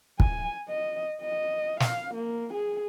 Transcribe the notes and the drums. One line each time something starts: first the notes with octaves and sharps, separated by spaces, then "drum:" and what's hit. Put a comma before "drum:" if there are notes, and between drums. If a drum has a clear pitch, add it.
G#5, drum: kick
D#5
D#5
F5, drum: snare
A#3
G#4